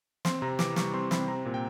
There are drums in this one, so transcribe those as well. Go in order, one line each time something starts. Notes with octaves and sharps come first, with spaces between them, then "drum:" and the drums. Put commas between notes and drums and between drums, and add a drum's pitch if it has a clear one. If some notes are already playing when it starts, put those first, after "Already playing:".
C4 C6, drum: snare
C3 A#5
E3 D6, drum: snare
G3 C#6, drum: snare
C4 C6
C3 B5, drum: snare
C4 A#5
A#2
G5